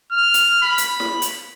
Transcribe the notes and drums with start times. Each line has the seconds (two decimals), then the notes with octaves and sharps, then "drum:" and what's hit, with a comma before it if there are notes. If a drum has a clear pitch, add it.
0.12 F6
0.34 drum: hi-hat
0.62 B5
0.78 drum: hi-hat
1.00 drum: snare
1.22 drum: hi-hat